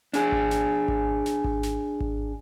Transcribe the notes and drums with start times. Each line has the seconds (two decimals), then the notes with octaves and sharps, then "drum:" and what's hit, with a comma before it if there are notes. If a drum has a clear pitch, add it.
0.14 D4 G#4, drum: snare
0.32 drum: kick G#1
0.51 drum: snare
0.88 drum: kick G#1
1.26 drum: snare
1.44 drum: kick G#1
1.63 drum: snare
2.00 drum: kick G#1